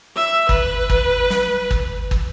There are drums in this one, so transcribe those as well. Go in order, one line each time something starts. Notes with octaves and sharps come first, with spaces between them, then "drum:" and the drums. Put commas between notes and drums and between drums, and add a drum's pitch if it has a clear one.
E5
B4, drum: kick
drum: kick
drum: snare
drum: kick
drum: kick